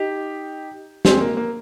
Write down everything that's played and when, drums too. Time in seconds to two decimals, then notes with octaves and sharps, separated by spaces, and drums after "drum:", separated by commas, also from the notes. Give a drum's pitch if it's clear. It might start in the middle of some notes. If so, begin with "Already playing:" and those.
Already playing: D#4 G4
1.05 G#3 C4, drum: snare
1.21 A#3
1.37 A#3